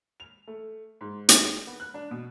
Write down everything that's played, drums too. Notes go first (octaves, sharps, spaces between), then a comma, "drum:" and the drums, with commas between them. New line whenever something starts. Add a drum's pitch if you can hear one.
F7
A3
G#2
G#3, drum: hi-hat
B3
F#6
D4
B2